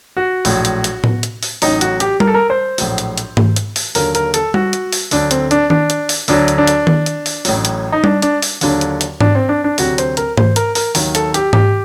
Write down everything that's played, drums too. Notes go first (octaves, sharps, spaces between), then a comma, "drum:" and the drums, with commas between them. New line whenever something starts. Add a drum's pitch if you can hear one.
F#4
A#1 A2 F#3, drum: open hi-hat
drum: hi-hat
drum: hi-hat
drum: tom A2
drum: hi-hat
drum: open hi-hat
A1 A2 F#3 D#4, drum: open hi-hat
F#4, drum: hi-hat
G4, drum: hi-hat
A#4, drum: tom G3
A4
A#4
C5
A#1 A2 F#3, drum: open hi-hat
drum: hi-hat
drum: hi-hat
drum: tom G#2
drum: hi-hat
drum: open hi-hat
D#2 D3 F#3 A#4, drum: open hi-hat
A#4, drum: hi-hat
A4, drum: hi-hat
F#4, drum: tom G3
drum: hi-hat
drum: open hi-hat
D2 D3 F#3 D4, drum: open hi-hat
C4, drum: hi-hat
D4, drum: hi-hat
D4, drum: tom D#3
drum: hi-hat
drum: open hi-hat
D2 D3 F#3 D4, drum: open hi-hat
drum: hi-hat
D4
drum: hi-hat
drum: tom D#3
drum: hi-hat
drum: open hi-hat
A1 A2 F#3, drum: open hi-hat
drum: hi-hat
D#4
D4, drum: tom G3
D4, drum: hi-hat
drum: open hi-hat
D#2 D3 F#3 D4, drum: open hi-hat
drum: hi-hat
drum: hi-hat
D4, drum: tom G#2
C4
D4
D4
D2 C3 F#3 F#4, drum: open hi-hat
C5, drum: hi-hat
A#4, drum: hi-hat
C5, drum: tom G#2
A#4, drum: hi-hat
A#4, drum: open hi-hat
D#2 D#3 F#3, drum: open hi-hat
A4, drum: hi-hat
G4, drum: hi-hat
G4, drum: tom G#2